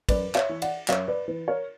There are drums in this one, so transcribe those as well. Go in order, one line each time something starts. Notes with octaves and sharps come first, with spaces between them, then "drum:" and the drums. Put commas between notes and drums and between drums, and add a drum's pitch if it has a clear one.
F#2 B4 D5, drum: kick, cymbal
C#5 E5, drum: clap
E3
D5 F#5, drum: cymbal
F#2 C#5 E5, drum: clap
B4 D5
E3 B4
A#4 C#5